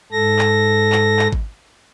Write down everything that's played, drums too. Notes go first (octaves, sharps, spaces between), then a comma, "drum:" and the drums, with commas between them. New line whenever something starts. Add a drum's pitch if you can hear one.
G#2 A4 A#6
drum: clap
drum: clap
drum: clap
drum: kick G#1